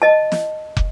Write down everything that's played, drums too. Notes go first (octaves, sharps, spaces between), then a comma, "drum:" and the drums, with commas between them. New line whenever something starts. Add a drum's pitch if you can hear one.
D#5 A5
drum: snare
drum: kick